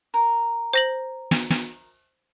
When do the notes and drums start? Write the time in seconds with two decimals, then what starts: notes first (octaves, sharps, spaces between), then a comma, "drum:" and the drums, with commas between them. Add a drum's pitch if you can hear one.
0.14 A#4
0.73 C5 A#6 F#7
1.31 drum: snare
1.50 drum: snare